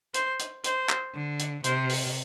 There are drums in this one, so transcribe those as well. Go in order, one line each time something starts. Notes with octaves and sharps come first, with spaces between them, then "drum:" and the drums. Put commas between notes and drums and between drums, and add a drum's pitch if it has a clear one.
C5, drum: hi-hat
drum: hi-hat
C5, drum: hi-hat
drum: clap
D3
drum: hi-hat
C3 C5, drum: hi-hat
drum: open hi-hat